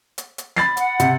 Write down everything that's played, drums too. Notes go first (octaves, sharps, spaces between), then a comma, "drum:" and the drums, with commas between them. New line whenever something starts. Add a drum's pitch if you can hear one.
drum: hi-hat
drum: hi-hat
B5 A6 C7, drum: snare
F#5, drum: hi-hat
C3, drum: hi-hat